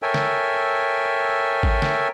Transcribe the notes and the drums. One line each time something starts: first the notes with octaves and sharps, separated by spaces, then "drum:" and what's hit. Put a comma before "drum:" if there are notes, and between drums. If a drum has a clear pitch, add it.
A4 A#4 C#5 E5 G5 G#5
drum: snare
drum: kick A1
drum: snare